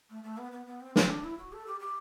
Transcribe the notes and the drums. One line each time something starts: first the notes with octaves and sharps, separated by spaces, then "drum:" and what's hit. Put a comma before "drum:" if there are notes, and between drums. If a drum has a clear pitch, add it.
A3
A3
B3
B3
B3
C4
C4, drum: snare
D4
E4
F#4
A4
G4
G4